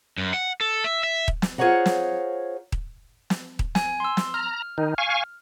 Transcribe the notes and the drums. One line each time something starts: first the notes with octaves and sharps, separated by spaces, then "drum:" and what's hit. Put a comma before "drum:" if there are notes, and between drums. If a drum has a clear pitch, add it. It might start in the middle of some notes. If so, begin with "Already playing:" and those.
F#2
F#5
A4
E5
E5
drum: kick D#1
drum: snare
F4 G#4 C5 C#5 F#5 A#5
drum: snare
drum: kick D#1
drum: snare
drum: kick D#1
G#5, drum: snare
C6 E6
drum: snare
A#5 F6
D#3 D#4
F5 G#5 C#6